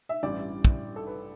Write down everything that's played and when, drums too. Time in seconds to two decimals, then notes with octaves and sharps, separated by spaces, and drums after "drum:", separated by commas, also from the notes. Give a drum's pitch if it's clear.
0.09 E5
0.23 A1 G2 E3 G3 D5
0.65 drum: kick
0.96 A4
1.07 B4